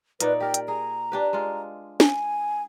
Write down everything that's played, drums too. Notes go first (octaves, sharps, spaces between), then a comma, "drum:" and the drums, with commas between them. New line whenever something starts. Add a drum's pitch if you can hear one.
A#2 D#4 B4 D5, drum: hi-hat
G4 A#4 D5 G5
drum: hi-hat
G#4 A#5
D4 G4 B4
G#3 F4
G#5, drum: snare